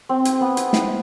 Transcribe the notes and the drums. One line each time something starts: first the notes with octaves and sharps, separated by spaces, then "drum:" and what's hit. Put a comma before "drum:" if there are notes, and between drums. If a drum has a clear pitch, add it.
C4
drum: hi-hat
B3
drum: hi-hat
drum: snare